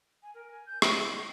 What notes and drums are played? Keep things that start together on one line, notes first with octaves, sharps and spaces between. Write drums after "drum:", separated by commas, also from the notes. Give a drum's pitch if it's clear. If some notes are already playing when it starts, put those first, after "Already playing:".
G#5
A#4
G#5
G6
D#6, drum: rim click
D#5
G5